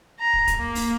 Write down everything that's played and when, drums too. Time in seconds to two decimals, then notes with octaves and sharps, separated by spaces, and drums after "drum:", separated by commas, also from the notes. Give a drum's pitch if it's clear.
0.20 A#5
0.34 drum: kick
0.47 drum: kick, hi-hat
0.57 A#3
0.75 drum: open hi-hat